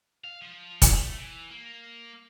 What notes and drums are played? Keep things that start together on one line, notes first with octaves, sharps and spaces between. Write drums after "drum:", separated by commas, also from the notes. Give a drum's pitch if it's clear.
F5
F3
drum: kick F1, hi-hat
A3
E3
A#3